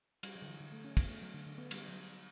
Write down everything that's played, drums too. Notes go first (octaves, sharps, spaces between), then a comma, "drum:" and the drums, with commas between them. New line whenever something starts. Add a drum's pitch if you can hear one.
G3, drum: cymbal
F#3
D3
E3
D3
A3
C#4
B3, drum: kick, cymbal
A3
F#3
D3
D3
B3
G3, drum: cymbal
F#3